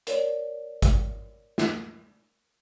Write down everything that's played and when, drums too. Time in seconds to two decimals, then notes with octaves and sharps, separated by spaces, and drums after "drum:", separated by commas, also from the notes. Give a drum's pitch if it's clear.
0.07 A#4 C#5 D5, drum: hi-hat
0.82 drum: kick G#1, hi-hat
1.58 drum: snare